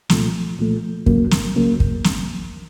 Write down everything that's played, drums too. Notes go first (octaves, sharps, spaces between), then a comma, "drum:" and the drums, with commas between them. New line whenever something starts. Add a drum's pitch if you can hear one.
C2 A#2 F3 A3, drum: snare
C2 A#2 F3 A3
C#2 C#3 F#3 A#3, drum: kick
drum: snare
C#2 C#3 F#3 A#3
drum: kick
drum: snare